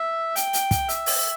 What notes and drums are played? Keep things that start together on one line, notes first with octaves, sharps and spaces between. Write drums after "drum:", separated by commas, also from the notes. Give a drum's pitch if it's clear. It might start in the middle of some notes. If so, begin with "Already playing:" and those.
Already playing: E5
G5, drum: hi-hat
drum: hi-hat
drum: kick, hi-hat
E5, drum: hi-hat
drum: open hi-hat